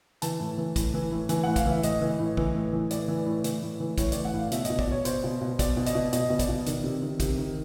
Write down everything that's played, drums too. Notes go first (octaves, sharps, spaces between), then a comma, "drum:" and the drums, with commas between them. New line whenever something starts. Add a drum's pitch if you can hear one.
E3 A5, drum: hi-hat
A2
E3
A2, drum: kick, hi-hat
E3
A2
E3 G#5, drum: hi-hat
A2 F#5
F5, drum: kick, hi-hat
E3 E5
A2 D#5, drum: hi-hat
E3
A2
E3, drum: kick
A2
E3
A2 D5, drum: hi-hat
E3
A2
E3, drum: hi-hat
A2
E3
A2 C#5, drum: kick, hi-hat
E3 D5, drum: hi-hat
F#5
A2 F5
B2 E5, drum: hi-hat
D#5, drum: hi-hat
B2
D5, drum: kick
B2 C#5
B2 C5, drum: hi-hat
B2
B2
B2 D5, drum: kick, hi-hat
B2
D#5, drum: hi-hat
B2
B2 D#5, drum: hi-hat
B2
D5, drum: kick, hi-hat
B2
D#3, drum: hi-hat
C3
D#3
C3, drum: kick, hi-hat
D#3